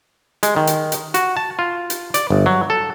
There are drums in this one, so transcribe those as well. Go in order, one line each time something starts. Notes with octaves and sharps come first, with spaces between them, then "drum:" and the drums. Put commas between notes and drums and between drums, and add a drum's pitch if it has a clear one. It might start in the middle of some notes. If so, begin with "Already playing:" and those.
G#3, drum: hi-hat
D#3
drum: hi-hat
drum: hi-hat
F#4, drum: hi-hat
A5
F4
drum: hi-hat
D5, drum: hi-hat
G1
F#3
A4